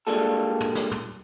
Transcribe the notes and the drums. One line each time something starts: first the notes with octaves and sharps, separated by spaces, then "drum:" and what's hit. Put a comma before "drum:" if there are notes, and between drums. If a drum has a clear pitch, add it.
G3 G#3 A#3 D4 F4 A4
drum: tom
drum: snare
drum: tom